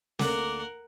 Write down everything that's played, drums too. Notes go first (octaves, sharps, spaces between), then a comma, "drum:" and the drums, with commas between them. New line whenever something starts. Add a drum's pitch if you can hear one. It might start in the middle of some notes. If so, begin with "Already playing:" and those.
D2 D3 A#3 A#4 F#5 D6, drum: snare